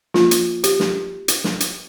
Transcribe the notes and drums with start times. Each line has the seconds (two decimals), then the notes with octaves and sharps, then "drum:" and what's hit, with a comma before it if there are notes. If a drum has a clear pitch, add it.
0.14 F3 A#3 C#4 F4, drum: snare
0.31 drum: hi-hat
0.64 G4, drum: hi-hat
0.80 drum: snare
1.28 drum: hi-hat
1.44 drum: snare
1.60 drum: hi-hat